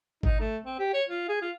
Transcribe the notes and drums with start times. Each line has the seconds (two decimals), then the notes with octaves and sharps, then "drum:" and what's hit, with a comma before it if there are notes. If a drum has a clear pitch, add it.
0.23 D#4, drum: kick G#1
0.40 A3
0.64 C4
0.79 G4
0.94 C#5
1.09 F4
1.29 G#4
1.42 F4